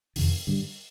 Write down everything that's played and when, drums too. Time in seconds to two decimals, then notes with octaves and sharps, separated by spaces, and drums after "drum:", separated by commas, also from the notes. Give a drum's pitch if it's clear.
0.16 F2 C3 D#3, drum: open hi-hat
0.47 G2 D3 G3